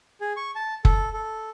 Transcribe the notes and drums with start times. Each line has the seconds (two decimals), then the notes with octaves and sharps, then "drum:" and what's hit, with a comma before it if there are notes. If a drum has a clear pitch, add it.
0.21 G#4
0.37 C#6
0.55 A5
0.85 A4, drum: kick
1.13 A4